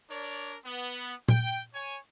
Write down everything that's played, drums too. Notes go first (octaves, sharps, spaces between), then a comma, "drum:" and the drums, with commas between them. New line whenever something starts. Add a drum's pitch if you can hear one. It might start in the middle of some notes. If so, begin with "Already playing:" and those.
D4 A#4 C#5 D5
B3
G5, drum: tom A#2
C#5 G#5